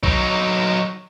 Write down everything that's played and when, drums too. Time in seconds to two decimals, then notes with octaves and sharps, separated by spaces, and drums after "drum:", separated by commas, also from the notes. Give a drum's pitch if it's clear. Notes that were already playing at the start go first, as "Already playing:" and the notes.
0.03 F#3 D#4, drum: kick B1